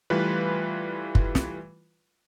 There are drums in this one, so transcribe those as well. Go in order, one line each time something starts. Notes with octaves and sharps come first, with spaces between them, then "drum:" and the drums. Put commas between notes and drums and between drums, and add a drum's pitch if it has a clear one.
E3 G3 A3 F4 B4
drum: kick F#1
drum: snare